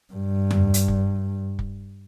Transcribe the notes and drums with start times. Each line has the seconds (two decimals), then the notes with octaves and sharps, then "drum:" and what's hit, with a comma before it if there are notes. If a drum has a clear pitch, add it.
0.13 G2
0.51 drum: tom F2
0.74 drum: hi-hat
0.88 drum: kick
1.59 drum: kick